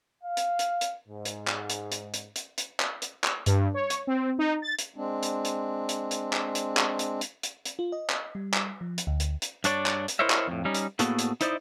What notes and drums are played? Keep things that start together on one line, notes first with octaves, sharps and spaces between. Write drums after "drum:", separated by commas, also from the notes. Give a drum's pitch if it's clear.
F5
drum: hi-hat
drum: hi-hat
drum: hi-hat
G#2
drum: hi-hat
drum: clap
drum: hi-hat
drum: hi-hat
drum: hi-hat
drum: hi-hat
drum: hi-hat
drum: clap
drum: hi-hat
drum: clap
G2, drum: hi-hat
C#5
drum: hi-hat
C4
D#4
A6
drum: hi-hat
G#3 C4 D4
drum: hi-hat
drum: hi-hat
drum: hi-hat
drum: hi-hat
drum: clap
drum: hi-hat
drum: clap
drum: hi-hat
drum: hi-hat
drum: hi-hat
drum: hi-hat
F4
D#5
drum: clap
G3
drum: clap
F3
drum: hi-hat
D2
drum: hi-hat
drum: hi-hat
G2 D4 C#5 D5, drum: hi-hat
drum: clap
drum: hi-hat
E4 A#4 C5 C#5 D#5 E5
drum: clap
F2 A2
G3 C#4 D#4
drum: hi-hat
A2 A#3 B3 F#4 G#4 A4, drum: hi-hat
drum: hi-hat
D#4 E4 C5 D5 D#5, drum: hi-hat